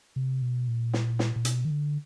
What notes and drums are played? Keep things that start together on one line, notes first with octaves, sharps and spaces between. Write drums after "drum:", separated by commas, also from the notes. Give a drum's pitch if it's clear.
C3
B2
A#2
drum: snare
drum: snare
A#2
B2, drum: hi-hat
D#3
D3